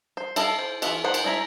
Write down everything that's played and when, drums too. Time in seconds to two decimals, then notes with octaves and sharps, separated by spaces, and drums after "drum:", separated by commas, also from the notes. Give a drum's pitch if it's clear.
0.17 C5
0.36 E4 A4 D#5 F5, drum: cymbal
0.59 C5
0.82 E3 C#4 F4 E5 F#5, drum: cymbal
1.04 D#3 B3 C5 F#5
1.14 drum: cymbal
1.24 G#3 C4 E4 A#5 B5